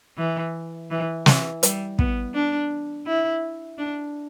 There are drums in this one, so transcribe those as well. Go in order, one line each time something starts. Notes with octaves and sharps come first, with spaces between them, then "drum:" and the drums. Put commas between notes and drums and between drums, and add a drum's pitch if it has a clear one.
E3
E3
E3, drum: snare
G3, drum: hi-hat
B3, drum: kick
D4
E4
D4